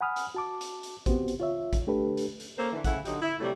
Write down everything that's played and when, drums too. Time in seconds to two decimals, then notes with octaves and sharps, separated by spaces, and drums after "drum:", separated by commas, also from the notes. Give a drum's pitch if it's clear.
0.01 F#5 G#5 B5 D#6 F6
0.16 drum: hi-hat
0.35 F#4 A5 D6
0.61 drum: hi-hat
0.83 drum: hi-hat
1.06 B3 C4 F#4 G4 C5, drum: kick A1, hi-hat
1.28 drum: hi-hat
1.40 F4 C#5 E5
1.73 drum: kick A1, hi-hat
1.87 A3 D4 G4 A4 B4
2.17 drum: hi-hat
2.40 drum: hi-hat
2.58 A#3 C#4 A4 A#4 C5
2.73 D3 E3
2.84 C#3 A3 E4 F#5, drum: kick A1, hi-hat
3.05 D3 F#3 D#4 F#4 G4, drum: hi-hat
3.21 E4
3.40 C3 F#3 G3 A3